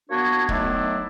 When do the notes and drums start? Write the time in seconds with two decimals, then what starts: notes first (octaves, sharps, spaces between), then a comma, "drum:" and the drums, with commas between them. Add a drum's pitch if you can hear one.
0.10 A#3 B3 D4 F#4 G#4 C#5
0.49 D#3 F#3 A3 B3 D4 E4, drum: kick